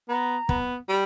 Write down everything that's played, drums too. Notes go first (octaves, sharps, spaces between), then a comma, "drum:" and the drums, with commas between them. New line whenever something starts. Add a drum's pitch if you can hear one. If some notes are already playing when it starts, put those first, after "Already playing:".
B3 A#5
B3, drum: kick
G3